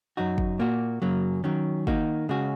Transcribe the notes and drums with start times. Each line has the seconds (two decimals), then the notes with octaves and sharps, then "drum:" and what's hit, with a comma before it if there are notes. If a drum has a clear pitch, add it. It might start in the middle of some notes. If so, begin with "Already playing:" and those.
0.17 F#2 F#3 D#4 F#4
0.38 drum: kick
0.59 A#2 A#3 F#4
1.02 F#2 C#3 F#3 A#3
1.44 D#3 F#3 C#4
1.87 D#3 A#3 D#4 F#4, drum: kick
2.29 C#3 G#3 C#4 F#4